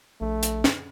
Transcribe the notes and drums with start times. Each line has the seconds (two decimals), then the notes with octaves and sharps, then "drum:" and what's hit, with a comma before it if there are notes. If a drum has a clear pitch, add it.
0.21 A#1 A3
0.43 drum: hi-hat
0.64 drum: snare